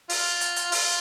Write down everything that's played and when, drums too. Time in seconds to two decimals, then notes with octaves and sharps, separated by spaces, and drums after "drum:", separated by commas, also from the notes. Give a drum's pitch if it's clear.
0.10 F4, drum: open hi-hat
0.41 drum: hi-hat
0.56 drum: hi-hat
0.72 F4, drum: open hi-hat